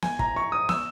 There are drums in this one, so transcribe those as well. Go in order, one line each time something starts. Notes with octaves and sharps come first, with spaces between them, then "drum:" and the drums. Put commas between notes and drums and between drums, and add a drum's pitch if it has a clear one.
G#5, drum: snare
A#5, drum: kick
C#6
D#6
E6, drum: snare